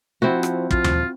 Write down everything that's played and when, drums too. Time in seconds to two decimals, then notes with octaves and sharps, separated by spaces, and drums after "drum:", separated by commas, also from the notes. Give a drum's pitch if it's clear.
0.22 F3 C4 E4 F#4
0.43 drum: rim click
0.71 F3 F4, drum: kick
0.84 drum: tom D#2